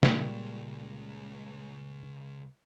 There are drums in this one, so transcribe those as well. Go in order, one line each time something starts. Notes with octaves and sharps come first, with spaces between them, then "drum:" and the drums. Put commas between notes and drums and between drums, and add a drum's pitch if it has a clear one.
C#2 A#2 G3 G#3, drum: snare